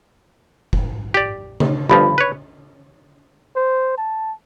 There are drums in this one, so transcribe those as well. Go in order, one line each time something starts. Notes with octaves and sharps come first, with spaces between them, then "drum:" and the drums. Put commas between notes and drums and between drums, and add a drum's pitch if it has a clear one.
drum: kick F1
G4 D5
drum: tom C#3
G1 G2 F3 B5
B4 C#5
C5
A5